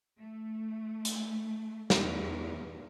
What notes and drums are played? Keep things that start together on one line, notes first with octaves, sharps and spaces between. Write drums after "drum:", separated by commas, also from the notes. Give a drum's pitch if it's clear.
A3
drum: hi-hat
E2, drum: snare